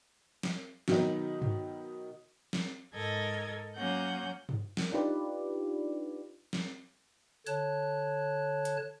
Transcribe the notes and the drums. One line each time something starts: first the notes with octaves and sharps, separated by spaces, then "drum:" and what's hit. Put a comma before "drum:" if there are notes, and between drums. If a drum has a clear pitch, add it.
drum: snare
B2 D#3 F#3 B3 D#4, drum: snare
drum: tom G2
drum: snare
G#2 A4 A#4 D#5 G#6
F#3 A#3 C#4 F#5 G6
drum: tom G2
drum: snare
D4 D#4 F4 G4 B4 D5
drum: snare
D3 C#5 A5 F#6, drum: hi-hat
drum: hi-hat